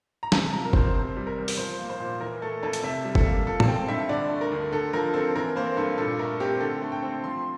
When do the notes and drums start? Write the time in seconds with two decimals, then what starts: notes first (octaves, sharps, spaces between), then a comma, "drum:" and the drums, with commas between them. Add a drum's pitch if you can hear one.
0.23 A#5
0.32 C3 A5, drum: snare
0.46 A5
0.53 F3 A#5
0.65 A#4
0.73 E2 C5, drum: kick
0.94 C3 C5
1.16 G3
1.27 A#4
1.37 E2
1.48 drum: open hi-hat
1.57 F3 C5
1.79 A#3
1.90 C5
2.00 A#2
2.21 E3 A#4
2.42 A3 A4
2.63 F2 A4
2.73 drum: hi-hat
2.83 C3 E5
3.05 G3
3.15 A4, drum: kick
3.26 A#3
3.47 F3 A4
3.60 A5, drum: tom A2
3.68 C4 G5
3.88 G2 E5
4.09 D3 D5
4.30 A3
4.41 A#4
4.52 D2
4.72 D3 A4
4.93 F3 A#4
5.14 C4 A4
5.35 E3 A#4
5.56 A#3 C5
5.77 G2 A4
5.98 A#2 A4
6.19 A3 A#4
6.40 C4 G4
6.60 D3 A4
6.82 A3
6.92 G5
7.03 C4
7.24 F3 C6